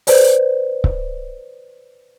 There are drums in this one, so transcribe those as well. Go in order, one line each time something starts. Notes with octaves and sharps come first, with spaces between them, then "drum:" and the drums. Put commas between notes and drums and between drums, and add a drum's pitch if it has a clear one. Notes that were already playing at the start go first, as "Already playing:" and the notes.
B4 C5 D5, drum: open hi-hat
drum: kick C#1